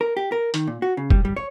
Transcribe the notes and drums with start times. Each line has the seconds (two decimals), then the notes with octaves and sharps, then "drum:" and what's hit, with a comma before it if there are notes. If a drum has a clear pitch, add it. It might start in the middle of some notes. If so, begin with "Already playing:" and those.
0.01 A#4
0.17 G4
0.32 A#4
0.54 D#3, drum: hi-hat
0.67 A#2
0.82 F#4
0.97 C#3
1.10 G3, drum: kick
1.25 G3
1.36 C#5